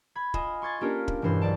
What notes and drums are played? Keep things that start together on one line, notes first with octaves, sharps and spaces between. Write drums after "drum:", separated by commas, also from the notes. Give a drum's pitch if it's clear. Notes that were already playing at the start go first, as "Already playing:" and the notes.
B5 G#6
F4 D#5 G#5 E7, drum: kick
C6 C#6 G#6 A6
A#3 C#4 D4 F4 G4 A#4
drum: kick
E1 G2 E3 C5
B1 D5 A5